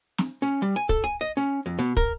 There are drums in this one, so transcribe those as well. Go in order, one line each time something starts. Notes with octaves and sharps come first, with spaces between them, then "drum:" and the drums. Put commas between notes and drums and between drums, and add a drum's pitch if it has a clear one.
drum: snare
C#4
G3
G#5
A4, drum: kick
G#5
D#5
C#4
F2
B2
A#4, drum: kick